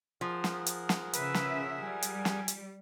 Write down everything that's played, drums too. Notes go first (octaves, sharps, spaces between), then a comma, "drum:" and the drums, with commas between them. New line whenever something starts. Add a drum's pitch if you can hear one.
F3 G#4 A#4 F#5
drum: snare
drum: hi-hat
drum: snare
C#3 B4 E5, drum: hi-hat
drum: snare
G3 G#5
drum: hi-hat
drum: snare
drum: hi-hat